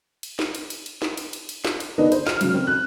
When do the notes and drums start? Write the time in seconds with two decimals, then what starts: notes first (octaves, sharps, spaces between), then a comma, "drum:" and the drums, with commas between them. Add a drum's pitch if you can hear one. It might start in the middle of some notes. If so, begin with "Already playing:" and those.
0.23 drum: cymbal
0.39 drum: snare
0.55 drum: cymbal
0.70 drum: cymbal
0.86 drum: cymbal
1.02 drum: snare
1.17 drum: cymbal
1.33 drum: cymbal
1.49 drum: cymbal
1.65 drum: snare
1.80 drum: cymbal
1.98 D3 B3 D4 D#4
2.12 C5, drum: cymbal
2.27 F6, drum: snare
2.41 C#3 F#3, drum: cymbal
2.54 C4 C#4
2.67 F#6